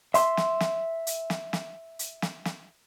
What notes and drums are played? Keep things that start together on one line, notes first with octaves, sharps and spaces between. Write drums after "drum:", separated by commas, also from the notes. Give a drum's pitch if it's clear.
E5 C6, drum: hi-hat
drum: snare
drum: snare
drum: hi-hat
drum: snare
drum: snare
drum: hi-hat
drum: snare
drum: snare